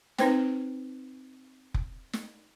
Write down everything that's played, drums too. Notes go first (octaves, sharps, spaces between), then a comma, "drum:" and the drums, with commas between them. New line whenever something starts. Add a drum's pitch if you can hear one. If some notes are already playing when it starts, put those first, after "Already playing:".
C4 D#4 B4 C5 G5, drum: snare
drum: kick F1
drum: snare